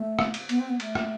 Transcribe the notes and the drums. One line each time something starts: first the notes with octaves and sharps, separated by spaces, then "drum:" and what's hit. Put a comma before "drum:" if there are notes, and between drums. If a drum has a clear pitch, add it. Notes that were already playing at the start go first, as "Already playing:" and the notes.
Already playing: A3
drum: rim click
drum: cymbal
B3, drum: cymbal
C4
B3
A3, drum: cymbal
drum: rim click